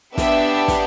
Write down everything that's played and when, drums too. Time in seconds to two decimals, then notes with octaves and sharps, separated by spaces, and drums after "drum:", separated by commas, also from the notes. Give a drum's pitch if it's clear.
0.18 B3 D4 G4 E5, drum: snare
0.68 drum: snare